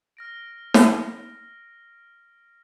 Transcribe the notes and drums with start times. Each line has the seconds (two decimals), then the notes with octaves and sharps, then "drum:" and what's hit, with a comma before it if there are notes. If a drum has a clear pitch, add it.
0.17 F6 A#6 D7
0.74 drum: snare